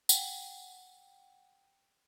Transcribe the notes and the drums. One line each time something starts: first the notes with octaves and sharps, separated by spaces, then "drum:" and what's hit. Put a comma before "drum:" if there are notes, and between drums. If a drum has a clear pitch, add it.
F#5 G5, drum: tambourine